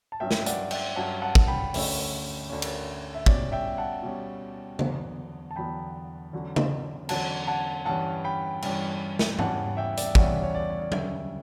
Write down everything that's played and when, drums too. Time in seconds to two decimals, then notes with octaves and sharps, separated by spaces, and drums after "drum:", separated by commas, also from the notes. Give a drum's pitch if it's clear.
0.12 A5
0.20 G2 F#3 C#4 E5 G5
0.31 drum: snare
0.46 D5 F#5, drum: hi-hat
0.71 E5 G5, drum: cymbal
0.96 G2 F#3 C#4 F#5 A5
1.22 F#5 A5
1.35 drum: kick
1.47 G5 B5
1.74 D2 D3 A3 C#4, drum: open hi-hat
2.49 D2 D3 A3 C#4
2.62 drum: cymbal
3.15 E5
3.26 B2 G3 C#4 D5, drum: kick
3.52 E5 G5
3.78 F#5 A5
4.03 B2 G3 C#4
4.79 E2 D3 F#3 B3, drum: tom
5.51 A5
5.56 E2 D3 F#3 B3 G5 B5
6.33 E2 D3 F#3 C#4
6.56 drum: tom
7.09 E2 D3 F#3 C#4 F#5 A5, drum: cymbal
7.47 F#5 A5
7.85 G2 E3 G3 C#4 F#5 A5
8.24 G5 B5
8.62 G2 E3 G3 C#4, drum: cymbal
9.19 drum: snare
9.39 E2 C#3 E3 G3 C#4 F#5 A5, drum: tom G#2
9.77 E5 G5
9.97 D5, drum: hi-hat
10.06 E5
10.15 E2 C#3 E3 G3 C#4 D5 F#5, drum: kick
10.43 C#5
10.55 D5
10.70 C#5
10.81 D5
10.92 D2 C#3 G3 C#5 E5, drum: tom F#3